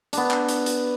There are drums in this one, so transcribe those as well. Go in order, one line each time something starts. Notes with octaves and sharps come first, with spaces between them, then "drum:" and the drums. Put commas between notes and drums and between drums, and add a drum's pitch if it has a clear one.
B3 D4, drum: hi-hat
drum: clap
drum: hi-hat
drum: hi-hat